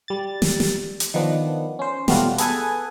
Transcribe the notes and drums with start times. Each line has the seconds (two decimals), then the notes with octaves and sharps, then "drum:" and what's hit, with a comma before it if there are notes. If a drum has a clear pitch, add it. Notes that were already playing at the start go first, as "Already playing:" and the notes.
0.08 G3 A6
0.42 drum: snare
0.60 drum: snare
1.00 drum: hi-hat
1.14 D#3 F3 B3 D4
1.79 C#4 C5
2.08 B2 G3 A3 B3 F4 F#4, drum: snare
2.38 B3 G#4 A4 B4 G#5, drum: hi-hat